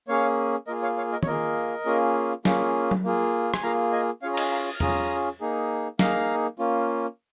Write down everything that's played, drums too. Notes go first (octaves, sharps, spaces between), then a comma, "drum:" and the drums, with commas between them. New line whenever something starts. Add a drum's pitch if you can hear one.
A#3 C#4 G#4 C#5 F5
A#3 F4 G#4 A#4 D#5
C#5 F5
C#5 F5
A#4 D#5
C#5, drum: tom D#3
A#3 F4 G#4 A#4 D#5
A#3 C#4 F4 G#4
A#3 C#4 F4 G#4, drum: snare
drum: tom F#3
A#3 F4 G#4
G#5, drum: rim click
A#3 F4 G#4 F5 A#5
D#5 G#5
C#4 F4 G#4 C#5 F5
A#5
D#5 G#5, drum: cymbal
F5 A#5
D#6
F6
C#4 F4 G#4 A#5 D#6, drum: tom E2
A#3 D#4 G#4
A#3 D#4 G#4 F5 A#5, drum: snare
A#3 C#4 F4